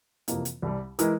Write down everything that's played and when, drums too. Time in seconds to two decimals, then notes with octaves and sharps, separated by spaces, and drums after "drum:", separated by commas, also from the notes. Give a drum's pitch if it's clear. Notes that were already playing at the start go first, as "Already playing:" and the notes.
0.28 F2 C3 E3 A#3, drum: hi-hat
0.45 drum: hi-hat
0.62 C2 C3 G3
0.99 E3 G#3 E4 A#4, drum: hi-hat